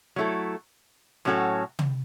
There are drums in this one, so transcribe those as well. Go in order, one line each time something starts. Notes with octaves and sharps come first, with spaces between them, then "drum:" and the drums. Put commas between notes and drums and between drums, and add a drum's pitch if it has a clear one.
F#3 A3 E4 A4
A2 F#3 C#4 F#4 A4
drum: tom